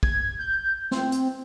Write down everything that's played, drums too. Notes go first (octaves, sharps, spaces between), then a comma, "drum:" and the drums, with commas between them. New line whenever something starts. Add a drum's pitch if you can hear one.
G#6, drum: kick
G6
C4, drum: snare
drum: hi-hat